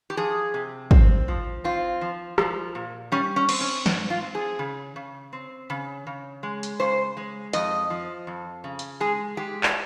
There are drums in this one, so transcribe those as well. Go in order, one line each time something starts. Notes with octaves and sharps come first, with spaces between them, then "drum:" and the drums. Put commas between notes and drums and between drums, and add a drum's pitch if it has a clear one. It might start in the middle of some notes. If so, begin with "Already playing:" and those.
G4
F3 G#4
C3
C4, drum: kick
F3
C4 F4
F3
F3, drum: rim click
A#2
G3 C#4
C#4
C4, drum: cymbal
C#4
G#2, drum: snare
F4
C4
G#4
C#3
C#3
C4
C#3
C#3
G#3
drum: hi-hat
C#3 C5
G#3
F2 D#5, drum: hi-hat
F3
F2
C#3
drum: hi-hat
G#3 G#4
G#3 G4
drum: clap